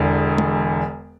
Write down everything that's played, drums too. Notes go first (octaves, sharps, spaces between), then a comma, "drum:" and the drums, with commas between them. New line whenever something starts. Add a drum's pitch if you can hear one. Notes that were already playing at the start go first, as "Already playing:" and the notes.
Already playing: E1 E2 D3
drum: tom G#3